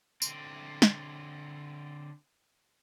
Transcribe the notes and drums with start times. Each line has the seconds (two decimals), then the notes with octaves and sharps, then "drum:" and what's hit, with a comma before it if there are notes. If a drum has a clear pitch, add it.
0.22 D3 C4, drum: tambourine
0.82 drum: snare